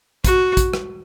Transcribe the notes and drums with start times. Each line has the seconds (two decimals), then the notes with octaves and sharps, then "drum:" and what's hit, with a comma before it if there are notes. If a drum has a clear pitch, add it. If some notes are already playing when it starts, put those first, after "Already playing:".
0.24 F#4, drum: kick, hi-hat
0.57 drum: kick, hi-hat
0.73 drum: rim click